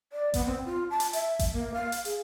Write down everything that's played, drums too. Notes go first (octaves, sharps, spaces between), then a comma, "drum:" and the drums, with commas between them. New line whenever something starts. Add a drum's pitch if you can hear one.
D5
B3, drum: kick G#1, hi-hat
C4
F4
A5
drum: hi-hat
E5, drum: hi-hat
drum: kick G#1, hi-hat
A#3
F5
drum: hi-hat
G#4, drum: hi-hat